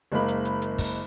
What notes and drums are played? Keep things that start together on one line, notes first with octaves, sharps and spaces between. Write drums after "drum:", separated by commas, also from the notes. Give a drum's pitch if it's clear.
F#1 G#3 A#3 B5
drum: hi-hat
drum: hi-hat
drum: hi-hat
drum: kick, open hi-hat